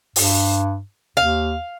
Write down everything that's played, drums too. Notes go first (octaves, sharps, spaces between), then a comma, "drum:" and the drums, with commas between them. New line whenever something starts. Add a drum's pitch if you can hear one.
G2, drum: open hi-hat
D#2 F5